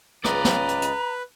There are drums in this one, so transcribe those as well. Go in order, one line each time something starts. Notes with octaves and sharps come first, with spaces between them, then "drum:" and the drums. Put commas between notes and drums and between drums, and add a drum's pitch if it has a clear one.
C#2 B4 D5 D#5 A#5, drum: rim click
drum: snare
drum: hi-hat
drum: hi-hat